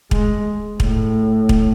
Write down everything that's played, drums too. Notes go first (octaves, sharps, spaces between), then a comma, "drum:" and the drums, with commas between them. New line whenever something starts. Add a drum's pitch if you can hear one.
G#3, drum: kick
A2, drum: kick
drum: kick